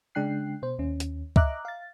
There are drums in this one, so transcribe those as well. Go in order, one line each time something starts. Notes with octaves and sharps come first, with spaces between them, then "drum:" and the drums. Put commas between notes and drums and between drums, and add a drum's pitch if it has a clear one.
C#3 G#3 D4 G5 F#6 C7
B2 C5
D#2 C#4
drum: hi-hat
D#5 E5 A#5 D6 F#6, drum: kick C#2
F5 A6